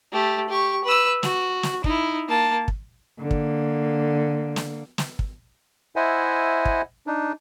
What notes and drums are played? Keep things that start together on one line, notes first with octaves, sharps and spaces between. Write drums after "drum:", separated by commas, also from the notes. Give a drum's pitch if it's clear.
A3 G4
G4 C#6
B4 E6
F#4, drum: snare
drum: snare
D#4 E4, drum: kick
A#3 A5
drum: kick
D3 A#3
drum: kick
drum: snare
drum: snare
drum: kick
E4 C5 D#5 E5 F#5 G#5
drum: kick
D4 D#4